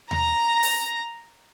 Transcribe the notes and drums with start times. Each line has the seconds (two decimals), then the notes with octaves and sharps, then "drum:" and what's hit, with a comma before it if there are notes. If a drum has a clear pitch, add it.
0.11 A#5, drum: tom D#2
0.63 drum: open hi-hat